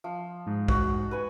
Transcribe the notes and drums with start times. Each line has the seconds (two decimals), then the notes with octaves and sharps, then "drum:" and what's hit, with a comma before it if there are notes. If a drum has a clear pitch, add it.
0.04 F3
0.46 G#2
0.68 F#4, drum: kick
1.11 B4 G#5